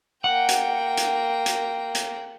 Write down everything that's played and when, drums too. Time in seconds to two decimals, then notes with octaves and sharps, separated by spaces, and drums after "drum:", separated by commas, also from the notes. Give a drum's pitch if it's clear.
0.24 A#3 F#5 G5
0.49 drum: hi-hat
0.97 drum: hi-hat
1.46 drum: hi-hat
1.95 drum: hi-hat